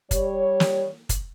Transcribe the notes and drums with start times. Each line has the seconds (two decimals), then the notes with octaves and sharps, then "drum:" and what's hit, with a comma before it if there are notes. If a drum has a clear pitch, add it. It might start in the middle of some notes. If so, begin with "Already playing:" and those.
0.11 G3 C#5, drum: kick, hi-hat
0.60 drum: snare
1.09 drum: kick, hi-hat